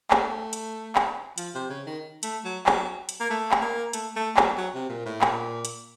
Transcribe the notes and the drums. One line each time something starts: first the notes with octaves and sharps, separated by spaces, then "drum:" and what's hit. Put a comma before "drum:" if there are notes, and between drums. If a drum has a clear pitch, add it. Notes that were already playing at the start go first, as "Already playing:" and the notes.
A3, drum: clap
drum: hi-hat
drum: clap
F3, drum: hi-hat
C3
C#3
D#3
A3, drum: hi-hat
F#3
F#3, drum: clap
drum: hi-hat
A#3
A3
drum: clap
A#3
A3, drum: hi-hat
A3
F#3, drum: clap
F#3
C3
A#2
A2
A#2, drum: clap
drum: hi-hat